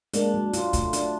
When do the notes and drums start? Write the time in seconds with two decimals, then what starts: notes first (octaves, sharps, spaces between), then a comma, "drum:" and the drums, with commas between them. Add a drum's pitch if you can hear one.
0.14 G#3 A#3 D4, drum: hi-hat
0.34 F#3
0.53 F4, drum: hi-hat
0.73 A3, drum: kick, hi-hat
0.93 D4, drum: hi-hat